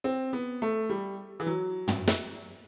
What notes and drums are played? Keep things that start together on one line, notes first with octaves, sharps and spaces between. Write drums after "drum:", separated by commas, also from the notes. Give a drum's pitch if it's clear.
C4
B3
A3
G3
E3
F#3
drum: tom
drum: snare